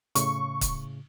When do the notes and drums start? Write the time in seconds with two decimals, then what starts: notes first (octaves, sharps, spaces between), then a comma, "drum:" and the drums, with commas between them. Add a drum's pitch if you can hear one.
0.15 A2 C#3 C#6, drum: hi-hat
0.61 drum: kick, hi-hat